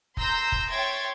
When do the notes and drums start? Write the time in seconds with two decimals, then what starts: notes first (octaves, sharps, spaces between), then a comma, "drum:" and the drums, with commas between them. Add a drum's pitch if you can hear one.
0.17 A#5 C6 E6 G6 A#6, drum: kick
0.52 drum: kick
0.69 C#5 E5 G5 C6 G#6 A6